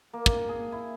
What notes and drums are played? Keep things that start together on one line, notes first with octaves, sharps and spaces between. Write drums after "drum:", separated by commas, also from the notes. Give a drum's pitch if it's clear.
A#3
drum: kick
G#4
E4